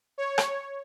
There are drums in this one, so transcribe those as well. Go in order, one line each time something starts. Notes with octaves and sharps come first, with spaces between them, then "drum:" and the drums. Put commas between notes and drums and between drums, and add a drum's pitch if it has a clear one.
C#5
drum: rim click